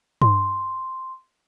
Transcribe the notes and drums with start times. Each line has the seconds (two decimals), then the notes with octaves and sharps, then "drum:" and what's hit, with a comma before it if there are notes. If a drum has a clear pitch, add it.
0.22 C6, drum: tom G2